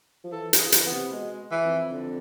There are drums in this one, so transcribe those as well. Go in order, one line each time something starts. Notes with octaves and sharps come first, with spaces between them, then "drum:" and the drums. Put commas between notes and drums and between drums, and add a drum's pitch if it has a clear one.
F3
E3 A4
E3, drum: hi-hat
G#4
F3
E3, drum: hi-hat
B3
C3
B2 G#3
E3
F2
D3